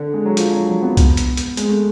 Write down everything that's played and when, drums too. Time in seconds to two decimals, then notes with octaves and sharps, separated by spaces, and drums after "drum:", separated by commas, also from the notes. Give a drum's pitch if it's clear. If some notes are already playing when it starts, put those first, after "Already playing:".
Already playing: D3
0.14 G#3
0.26 F#3
0.37 F3, drum: hi-hat
0.52 F#3
0.67 F#3
0.83 B3
0.97 drum: kick, hi-hat
1.17 drum: hi-hat
1.37 drum: hi-hat
1.57 G#3, drum: hi-hat
1.69 A3